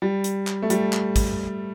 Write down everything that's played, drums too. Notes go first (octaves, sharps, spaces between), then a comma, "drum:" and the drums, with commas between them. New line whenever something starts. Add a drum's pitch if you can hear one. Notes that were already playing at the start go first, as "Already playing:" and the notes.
G3
drum: hi-hat
drum: clap
A3
G3, drum: hi-hat
drum: clap
drum: kick, hi-hat